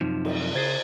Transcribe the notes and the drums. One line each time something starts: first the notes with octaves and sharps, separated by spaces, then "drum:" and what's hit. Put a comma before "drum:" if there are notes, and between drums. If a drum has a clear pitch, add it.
F#2 C3 F3 D#4
drum: cymbal
C#3 G#4 C5 G#6 A6